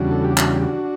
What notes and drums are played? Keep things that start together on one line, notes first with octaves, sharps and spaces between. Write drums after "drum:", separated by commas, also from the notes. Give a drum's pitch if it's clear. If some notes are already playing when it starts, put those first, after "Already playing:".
Already playing: E2 C#3 G3 D4 F#4
A4
G4
D4 F#4, drum: clap
G4
D4 F#4